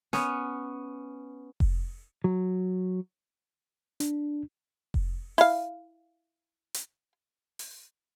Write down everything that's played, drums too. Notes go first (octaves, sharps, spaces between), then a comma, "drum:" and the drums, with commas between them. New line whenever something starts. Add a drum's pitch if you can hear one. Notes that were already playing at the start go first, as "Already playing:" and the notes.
B3 C#4, drum: snare
drum: kick F1
F#3
D4, drum: hi-hat
drum: kick F1
E4 F5, drum: open hi-hat
drum: hi-hat
drum: open hi-hat